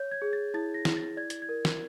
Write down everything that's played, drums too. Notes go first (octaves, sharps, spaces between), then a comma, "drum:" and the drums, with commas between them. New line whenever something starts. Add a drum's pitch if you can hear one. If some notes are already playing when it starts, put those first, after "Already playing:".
Already playing: C#5 G6
G#6
G#4
A6
E4 A6
A#6
E4, drum: snare
A6
D5 G#6
A6, drum: hi-hat
G#6
A#4
drum: snare